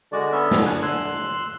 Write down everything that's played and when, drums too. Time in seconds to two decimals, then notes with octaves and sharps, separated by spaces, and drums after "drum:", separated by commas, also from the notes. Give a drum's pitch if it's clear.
0.12 D3 G#3 F#4 D5
0.32 B3 C#4 E5
0.51 drum: snare
0.66 F#5 G#5
0.83 C6 E6 F#6